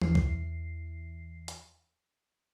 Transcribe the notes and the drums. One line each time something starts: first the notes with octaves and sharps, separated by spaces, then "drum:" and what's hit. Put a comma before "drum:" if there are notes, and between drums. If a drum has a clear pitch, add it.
E2 E3 C7, drum: tom E3
drum: kick B1
drum: hi-hat